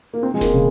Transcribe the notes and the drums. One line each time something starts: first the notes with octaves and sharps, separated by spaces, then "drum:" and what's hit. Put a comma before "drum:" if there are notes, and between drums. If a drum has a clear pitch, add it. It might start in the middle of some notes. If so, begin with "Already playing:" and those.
A#3
C4
G#3
A#3, drum: snare E1
C#3